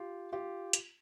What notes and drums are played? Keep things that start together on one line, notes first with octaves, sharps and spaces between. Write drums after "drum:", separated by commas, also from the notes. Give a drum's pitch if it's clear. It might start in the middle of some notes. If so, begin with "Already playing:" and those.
Already playing: F4 G4
F4 G4
drum: hi-hat